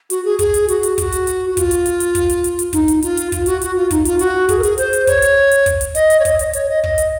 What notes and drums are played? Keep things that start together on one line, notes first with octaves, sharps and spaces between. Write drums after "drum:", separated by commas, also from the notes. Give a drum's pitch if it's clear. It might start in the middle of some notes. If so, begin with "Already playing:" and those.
F#4, drum: hi-hat
G#4
G#4, drum: kick, hi-hat
drum: hi-hat
F#4, drum: hi-hat
drum: hi-hat
F#4, drum: kick, hi-hat
drum: hi-hat
drum: hi-hat
F#4
F4, drum: kick, hi-hat
drum: hi-hat
drum: hi-hat
drum: hi-hat
drum: kick, hi-hat
drum: hi-hat
drum: hi-hat
drum: hi-hat
D#4, drum: kick, hi-hat
drum: hi-hat
F4, drum: hi-hat
drum: hi-hat
F4, drum: kick, hi-hat
F#4, drum: hi-hat
F#4, drum: hi-hat
F4
D#4, drum: kick, hi-hat
F4, drum: hi-hat
F#4, drum: hi-hat
G#4, drum: kick, hi-hat
A#4
G#4, drum: hi-hat
C5, drum: hi-hat
drum: hi-hat
C#5, drum: kick, hi-hat
drum: hi-hat
drum: hi-hat
drum: kick, hi-hat
drum: hi-hat
D#5, drum: hi-hat
drum: hi-hat
C#5
D#5, drum: kick, hi-hat
D#5, drum: hi-hat
C#5, drum: hi-hat
D#5
D#5, drum: kick
drum: hi-hat